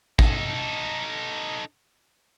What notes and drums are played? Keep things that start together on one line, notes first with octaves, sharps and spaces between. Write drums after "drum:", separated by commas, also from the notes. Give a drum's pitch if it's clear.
D#4 A4, drum: kick